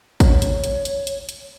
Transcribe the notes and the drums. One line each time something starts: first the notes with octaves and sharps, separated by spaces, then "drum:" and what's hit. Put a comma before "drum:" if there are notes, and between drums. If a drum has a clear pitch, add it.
C#5, drum: kick, hi-hat
drum: hi-hat
drum: hi-hat
drum: hi-hat
drum: hi-hat
drum: hi-hat